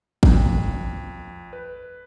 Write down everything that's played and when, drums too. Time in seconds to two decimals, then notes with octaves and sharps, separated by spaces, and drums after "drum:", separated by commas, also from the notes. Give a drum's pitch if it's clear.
0.23 F2, drum: kick
1.53 B4